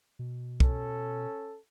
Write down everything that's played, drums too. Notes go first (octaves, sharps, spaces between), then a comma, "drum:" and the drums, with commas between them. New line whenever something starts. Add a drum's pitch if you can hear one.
B2
C#4 A4, drum: kick